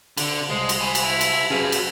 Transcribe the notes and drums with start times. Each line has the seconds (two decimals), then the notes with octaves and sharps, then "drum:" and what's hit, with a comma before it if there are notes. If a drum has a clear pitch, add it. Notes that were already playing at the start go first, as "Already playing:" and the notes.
0.17 D3, drum: cymbal
0.50 C2 G#3 C5
0.69 drum: cymbal
0.81 G#5 B5
0.95 drum: cymbal
1.04 E4
1.21 drum: cymbal
1.51 C#4 F#4 G#4 B4 F5
1.72 drum: cymbal